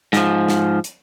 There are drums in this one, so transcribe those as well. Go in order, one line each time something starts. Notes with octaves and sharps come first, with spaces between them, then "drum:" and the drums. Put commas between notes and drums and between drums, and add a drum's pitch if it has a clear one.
G#2 F3, drum: snare
drum: snare
drum: hi-hat